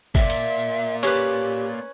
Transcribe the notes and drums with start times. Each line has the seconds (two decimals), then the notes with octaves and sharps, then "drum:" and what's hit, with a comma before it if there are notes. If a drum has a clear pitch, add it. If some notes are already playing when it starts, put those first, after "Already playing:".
0.15 A#3 D5 E5, drum: kick G1
0.30 drum: hi-hat
1.03 C#4 G4 B4, drum: hi-hat